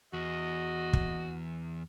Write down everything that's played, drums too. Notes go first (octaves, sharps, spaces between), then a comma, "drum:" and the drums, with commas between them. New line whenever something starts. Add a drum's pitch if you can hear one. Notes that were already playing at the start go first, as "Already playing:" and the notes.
E2 F#4 D#5
drum: kick